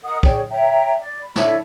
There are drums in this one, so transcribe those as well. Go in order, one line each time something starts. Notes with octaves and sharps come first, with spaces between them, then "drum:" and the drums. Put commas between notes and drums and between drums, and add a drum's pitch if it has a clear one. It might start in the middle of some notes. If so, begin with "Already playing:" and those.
A#4 D#5 F#5 D#6
G#4 C#5 D5 G5, drum: kick
C#5 E5 G5 A#5
D5
B5
D4 E4 A4 C#5, drum: snare